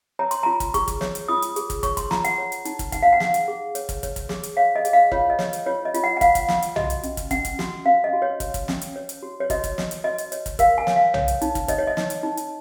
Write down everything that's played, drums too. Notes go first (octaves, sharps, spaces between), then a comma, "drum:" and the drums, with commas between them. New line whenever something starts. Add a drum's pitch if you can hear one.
C#5 A#5
C6, drum: hi-hat
F4 A#5
drum: kick, hi-hat
G#4 C#6, drum: kick, hi-hat
drum: kick, hi-hat
C#5, drum: snare
drum: hi-hat
F4 D#6
drum: hi-hat
G#4, drum: hi-hat
drum: kick, hi-hat
C#5 C#6, drum: kick, hi-hat
C6, drum: kick, hi-hat
F4 A#5, drum: snare
F#5, drum: hi-hat
C#5
drum: hi-hat
D#4, drum: hi-hat
drum: kick, hi-hat
D#4 F#5, drum: kick, hi-hat
F5
F#5
G#4, drum: snare
drum: hi-hat
G#4
C#5, drum: hi-hat
drum: kick, hi-hat
C#5, drum: kick, hi-hat
drum: kick, hi-hat
G#4, drum: snare
drum: hi-hat
C#5 F5
D#5
G#4, drum: hi-hat
F5
F4 C#5, drum: kick
D#5
C#5, drum: snare
drum: hi-hat
F4 C#5
D#5
F4, drum: hi-hat
F#5
F#5
F4 F5, drum: kick, hi-hat
drum: kick, hi-hat
F4, drum: snare
drum: hi-hat
F#4 D#5, drum: tom B1
drum: hi-hat
C#4, drum: hi-hat
drum: kick, hi-hat
C#4 F#5, drum: kick, hi-hat
drum: kick, hi-hat
F#4, drum: snare
C#4 F5
D#5
F#4
C#5
F#4, drum: kick, hi-hat
drum: kick, hi-hat
C#4, drum: snare
drum: hi-hat
C#5
drum: hi-hat
F#4
C#5
F#4 D#5, drum: kick, hi-hat
drum: kick, hi-hat
C#5, drum: snare
drum: hi-hat
F#4 D#5
drum: hi-hat
C#5, drum: hi-hat
drum: kick, hi-hat
A#4 F5, drum: kick, hi-hat
G#5
C#5, drum: snare
F5
C#5, drum: tom B1
drum: hi-hat
D#4, drum: hi-hat
drum: kick, hi-hat
C#5 D#5, drum: kick, hi-hat
C#5
D#5
D#4, drum: snare
drum: hi-hat
D#4
drum: hi-hat